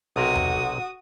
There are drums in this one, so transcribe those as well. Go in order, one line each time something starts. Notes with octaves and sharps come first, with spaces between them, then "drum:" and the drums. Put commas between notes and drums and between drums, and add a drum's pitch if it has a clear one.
B1 C3 F#4 A#4 D#6
drum: tom E2
drum: kick